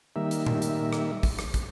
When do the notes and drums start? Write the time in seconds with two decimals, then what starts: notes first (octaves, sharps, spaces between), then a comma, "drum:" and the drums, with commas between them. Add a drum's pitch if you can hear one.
0.16 D#3 G3 A#3 E5
0.31 drum: hi-hat
0.46 drum: tom A#2
0.62 drum: hi-hat
0.93 drum: rim click
1.23 drum: kick, open hi-hat
1.39 drum: rim click
1.54 drum: kick, hi-hat